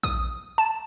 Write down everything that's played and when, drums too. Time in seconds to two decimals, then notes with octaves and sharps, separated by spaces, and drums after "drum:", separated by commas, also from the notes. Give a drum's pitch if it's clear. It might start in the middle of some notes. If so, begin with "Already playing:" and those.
0.03 D#6, drum: kick A#1
0.58 A5